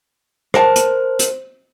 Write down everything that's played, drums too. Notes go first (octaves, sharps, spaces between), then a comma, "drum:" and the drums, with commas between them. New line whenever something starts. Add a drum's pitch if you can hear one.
A#4 C5 A5, drum: rim click
drum: hi-hat
drum: hi-hat